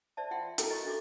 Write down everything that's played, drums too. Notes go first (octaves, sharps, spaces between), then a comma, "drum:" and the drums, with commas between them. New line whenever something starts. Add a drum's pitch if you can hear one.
C5 D5 E5 A5
F4 E5 F#5 G5 C6
E4 F#4 A4 A#4 G5 A#5, drum: hi-hat
D#5 C#6
D4 F#4 A4 E5 C6 D6